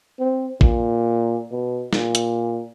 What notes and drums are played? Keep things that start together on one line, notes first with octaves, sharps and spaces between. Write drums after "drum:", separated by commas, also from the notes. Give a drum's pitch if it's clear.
C4
A#2, drum: kick
B2
A#2, drum: snare
drum: hi-hat